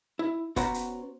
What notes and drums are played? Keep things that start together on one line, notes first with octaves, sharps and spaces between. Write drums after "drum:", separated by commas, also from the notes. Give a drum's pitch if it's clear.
E4
B3 C#4 F#4 C5 G5 A#5, drum: kick, hi-hat
drum: hi-hat